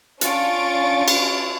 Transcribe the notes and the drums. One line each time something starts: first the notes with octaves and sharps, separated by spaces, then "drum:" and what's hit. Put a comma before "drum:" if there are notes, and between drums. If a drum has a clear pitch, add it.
C#4 D4 F4 C#6 A6 D7, drum: hi-hat
drum: cymbal